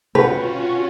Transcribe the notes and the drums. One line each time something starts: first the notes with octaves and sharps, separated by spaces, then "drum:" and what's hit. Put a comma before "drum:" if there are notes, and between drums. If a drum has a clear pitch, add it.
C#4 F4 F#4 B4 F#5 G5, drum: tom B2